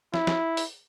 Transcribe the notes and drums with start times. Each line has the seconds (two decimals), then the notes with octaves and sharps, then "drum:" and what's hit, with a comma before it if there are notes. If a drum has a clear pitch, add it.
0.14 E4, drum: snare
0.27 drum: snare
0.57 drum: open hi-hat